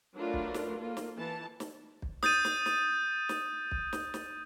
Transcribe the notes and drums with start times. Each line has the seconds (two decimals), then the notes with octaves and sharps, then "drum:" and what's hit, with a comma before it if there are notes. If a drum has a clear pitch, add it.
0.17 F#3 A3 D4 F4 A#4 B4
0.33 drum: kick
0.54 drum: snare
0.80 A#3 F4 A4
0.97 drum: snare
1.18 E3 A5
1.60 drum: snare
2.02 drum: kick
2.23 D#6 G6 A6 D#7, drum: snare
2.45 drum: snare
2.66 drum: snare
3.29 drum: snare
3.71 drum: kick
3.93 drum: snare
4.14 drum: snare